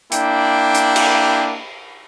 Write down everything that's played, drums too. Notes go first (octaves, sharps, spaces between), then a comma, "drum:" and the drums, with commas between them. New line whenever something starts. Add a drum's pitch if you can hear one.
A#3 D4 E4 G5, drum: hi-hat
drum: hi-hat
drum: cymbal